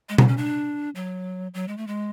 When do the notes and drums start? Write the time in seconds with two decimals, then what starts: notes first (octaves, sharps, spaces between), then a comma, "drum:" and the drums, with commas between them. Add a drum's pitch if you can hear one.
0.09 G#3
0.18 B3, drum: tom B2
0.28 C#4
0.37 D4
0.95 F#3
1.54 F#3
1.68 G#3
1.77 A3
1.87 G#3